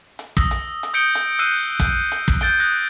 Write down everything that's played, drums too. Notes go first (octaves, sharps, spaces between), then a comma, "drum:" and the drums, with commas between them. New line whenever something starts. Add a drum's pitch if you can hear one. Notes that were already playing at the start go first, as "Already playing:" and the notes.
drum: hi-hat
D#6 E6 A#6, drum: kick
drum: hi-hat
drum: hi-hat
D#6 G6 C#7 D7 G7
drum: hi-hat
E6 F#6 G6 C7 D7 D#7
drum: kick, hi-hat
drum: hi-hat
drum: kick
G6 A6 D7 G7, drum: hi-hat
D#6 F#6 A#6